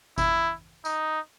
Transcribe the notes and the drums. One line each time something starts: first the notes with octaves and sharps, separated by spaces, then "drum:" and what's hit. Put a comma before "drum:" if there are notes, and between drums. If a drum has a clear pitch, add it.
E4, drum: kick G#1, tambourine
D#4, drum: tambourine